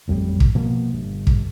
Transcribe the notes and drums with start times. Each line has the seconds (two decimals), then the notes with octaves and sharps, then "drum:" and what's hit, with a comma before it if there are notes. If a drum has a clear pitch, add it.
0.08 A1 F2 F#3 G3
0.40 drum: kick
0.55 B2 F3 A#3
0.92 G1
1.27 drum: kick